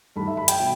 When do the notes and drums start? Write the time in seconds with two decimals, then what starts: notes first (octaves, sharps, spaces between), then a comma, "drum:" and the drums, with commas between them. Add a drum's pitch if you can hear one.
0.16 G2 D#3 A3 B5
0.27 E5
0.37 B5
0.48 G5, drum: hi-hat
0.60 B2